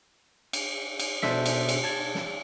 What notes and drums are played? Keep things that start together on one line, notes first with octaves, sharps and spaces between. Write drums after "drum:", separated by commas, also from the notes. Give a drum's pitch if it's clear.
drum: cymbal
drum: cymbal
B2 D4 A4 C5 E5 B6, drum: snare
drum: cymbal
drum: cymbal
A5 G#6
drum: snare